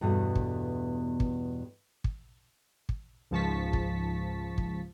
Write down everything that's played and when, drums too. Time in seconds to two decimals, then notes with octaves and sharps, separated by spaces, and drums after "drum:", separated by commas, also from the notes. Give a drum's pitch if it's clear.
0.01 E2 G2 B2 A3
0.35 drum: kick
1.20 drum: kick
2.04 drum: kick
2.89 drum: kick
3.31 C#2 G#2 F3 A5 C#6 B6
3.73 drum: kick
4.58 drum: kick